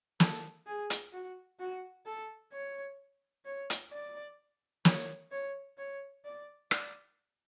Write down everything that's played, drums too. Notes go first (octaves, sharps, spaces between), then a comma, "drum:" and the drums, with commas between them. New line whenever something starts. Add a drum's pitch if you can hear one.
A4, drum: snare
G#4
drum: hi-hat
F#4
F#4
A4
C#5
C#5
drum: hi-hat
D5
C#5, drum: snare
C#5
C#5
D5
D5, drum: rim click